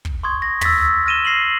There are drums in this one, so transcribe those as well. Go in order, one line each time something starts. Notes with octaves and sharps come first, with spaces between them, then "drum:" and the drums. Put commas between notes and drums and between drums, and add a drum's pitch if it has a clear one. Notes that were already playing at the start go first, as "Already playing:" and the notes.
drum: kick
C6 C#6 D#6 G#6
A#6
E6 A6 B6, drum: tom
F6 A#6 D#7 E7 G7
A#6 C7 E7 F#7